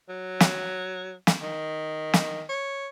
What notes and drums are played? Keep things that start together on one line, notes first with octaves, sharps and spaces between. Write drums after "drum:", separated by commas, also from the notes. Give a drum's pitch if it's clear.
F#3
drum: snare
drum: snare
D#3
drum: snare
C#5